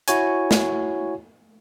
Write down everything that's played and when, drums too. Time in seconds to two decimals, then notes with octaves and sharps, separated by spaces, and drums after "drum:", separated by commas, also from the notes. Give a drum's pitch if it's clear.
0.08 E4 F#4 C#5 G#5, drum: hi-hat
0.51 drum: snare